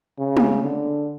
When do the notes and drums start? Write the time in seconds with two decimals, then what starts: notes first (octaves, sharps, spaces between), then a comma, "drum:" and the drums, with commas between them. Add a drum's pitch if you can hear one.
0.19 C#3
0.37 drum: tom
0.63 D3